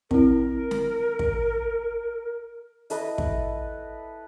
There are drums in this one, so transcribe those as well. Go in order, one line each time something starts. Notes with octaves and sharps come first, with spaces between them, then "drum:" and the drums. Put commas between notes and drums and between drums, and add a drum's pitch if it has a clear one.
C4 E4 A#4, drum: kick
drum: snare
drum: kick
E4 A4 B4 D#5, drum: hi-hat
drum: kick